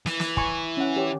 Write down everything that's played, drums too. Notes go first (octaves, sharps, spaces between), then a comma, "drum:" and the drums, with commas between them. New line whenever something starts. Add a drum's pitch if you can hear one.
E3, drum: snare
drum: snare
G#5 B5 C#6, drum: kick
C#4 F#5
G4 C#5